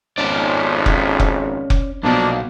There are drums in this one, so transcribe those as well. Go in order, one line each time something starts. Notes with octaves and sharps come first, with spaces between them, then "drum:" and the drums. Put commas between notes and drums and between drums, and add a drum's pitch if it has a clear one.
G#1 F2 C#4 D5
drum: kick F1
drum: kick F1
drum: kick F1
B1 B2 F3 A#3 D4